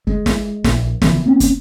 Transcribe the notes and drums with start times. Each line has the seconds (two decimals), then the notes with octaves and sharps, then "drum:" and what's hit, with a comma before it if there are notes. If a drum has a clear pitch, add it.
0.07 G#3, drum: kick
0.26 drum: snare
0.64 A#1, drum: snare
1.02 C#3 E3 F3 B3, drum: snare
1.26 A#3 C4 C#4
1.40 drum: kick, hi-hat